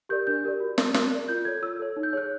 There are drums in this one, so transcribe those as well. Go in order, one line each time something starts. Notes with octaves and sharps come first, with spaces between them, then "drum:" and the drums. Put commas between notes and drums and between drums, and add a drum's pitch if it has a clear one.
G4 A#4 D5 G6
D4 G6
G4 A#4 D5
F#4
A#4 D5, drum: snare
F#4 F#6, drum: snare
A#4 D5
F4 G6
A4 C#5 G#6
F4 E6
A4 C#5
D#4
G6
G#4 C#5 F#6